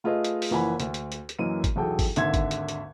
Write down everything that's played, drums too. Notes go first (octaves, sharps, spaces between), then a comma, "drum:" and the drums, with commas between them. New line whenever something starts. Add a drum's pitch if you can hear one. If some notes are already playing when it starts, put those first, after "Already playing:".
A3 F4 G#4 B4 D#5
drum: hi-hat
drum: open hi-hat
F#1 E3 F3 F#5 G#5 B5
D2, drum: hi-hat
drum: hi-hat
drum: hi-hat
drum: hi-hat
F#2 E3 A#3 D#5 D#7
drum: kick, hi-hat
B1 E2 F#3 G#4 A4 G5
drum: kick, open hi-hat
G#1 D#2 D3 E5 C6 G#6, drum: hi-hat
drum: kick, hi-hat
drum: hi-hat
drum: hi-hat